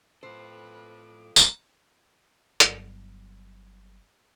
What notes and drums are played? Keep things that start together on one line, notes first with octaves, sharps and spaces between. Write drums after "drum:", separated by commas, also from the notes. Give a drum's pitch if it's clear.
A2 F4 A4 B4 C5 D6
drum: tambourine
G1 F#3, drum: hi-hat